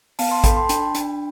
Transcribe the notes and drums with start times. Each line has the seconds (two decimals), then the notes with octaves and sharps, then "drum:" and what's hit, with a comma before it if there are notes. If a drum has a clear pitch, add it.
0.19 B3 F5 A5, drum: open hi-hat
0.31 A5 C6
0.44 A4 G5 B5, drum: kick A1, hi-hat
0.57 A5 C6
0.69 D4 G5 B5, drum: hi-hat
0.95 D4, drum: hi-hat